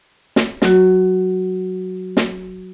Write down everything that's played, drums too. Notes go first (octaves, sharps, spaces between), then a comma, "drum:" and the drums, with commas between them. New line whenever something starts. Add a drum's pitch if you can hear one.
drum: snare
F#3 F#4, drum: snare
drum: snare